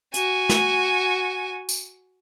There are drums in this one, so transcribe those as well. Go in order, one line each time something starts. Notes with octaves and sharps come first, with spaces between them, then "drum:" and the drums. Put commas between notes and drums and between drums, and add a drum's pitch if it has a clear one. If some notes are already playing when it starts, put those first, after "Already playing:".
F#4 G#5, drum: hi-hat
drum: snare
drum: tambourine